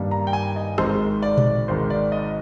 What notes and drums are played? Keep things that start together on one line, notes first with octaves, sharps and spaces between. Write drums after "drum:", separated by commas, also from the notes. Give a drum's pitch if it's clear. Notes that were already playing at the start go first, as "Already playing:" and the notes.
Already playing: G2 D#3 A#3 D4
A#5
G5
G#5
D#5
G#1 G#2 D#3 G#3 C5, drum: rim click
D5
drum: tom A#2
G#1 G#2 D#3 G#3 C5
D5
D#5